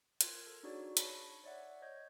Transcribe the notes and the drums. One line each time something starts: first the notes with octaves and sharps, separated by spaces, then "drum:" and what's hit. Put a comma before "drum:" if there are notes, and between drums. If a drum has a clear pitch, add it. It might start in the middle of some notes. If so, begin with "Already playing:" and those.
F4 A#4 G#6, drum: hi-hat
A4
D4 D#4 F#4 G#4 C#5 D5
C#5 A5 B5 A#6 C#7, drum: hi-hat
C#5 D5 E5 F#5
C#5 D#5 G6 G#6